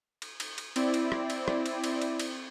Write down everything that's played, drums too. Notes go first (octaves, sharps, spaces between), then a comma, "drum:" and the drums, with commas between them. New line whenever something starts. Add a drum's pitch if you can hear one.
drum: cymbal
drum: cymbal
drum: cymbal
C4 E4 D5, drum: cymbal
drum: cymbal
drum: rim click
drum: cymbal
drum: rim click
drum: cymbal
drum: cymbal
drum: cymbal
drum: cymbal